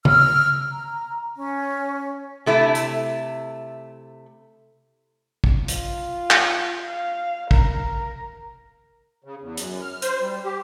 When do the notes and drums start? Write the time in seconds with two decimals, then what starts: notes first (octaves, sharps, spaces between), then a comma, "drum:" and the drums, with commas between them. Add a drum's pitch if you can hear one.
0.05 E6 F6, drum: tom
0.72 A#5
1.37 C#4
2.46 C3 A3 E4
2.75 drum: hi-hat
5.44 drum: kick
5.68 F4, drum: hi-hat
6.30 drum: clap
6.82 F5
7.51 A#4, drum: kick
9.24 C#3
9.42 E2
9.57 F#2, drum: hi-hat
9.82 F6
10.02 C5, drum: hi-hat
10.21 G3
10.44 G4